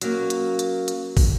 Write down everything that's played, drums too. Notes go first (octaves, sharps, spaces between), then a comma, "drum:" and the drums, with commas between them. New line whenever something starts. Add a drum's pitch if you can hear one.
F#3 A#3 C#4 F#4 A#4, drum: hi-hat
drum: hi-hat
drum: hi-hat
drum: hi-hat
drum: kick, open hi-hat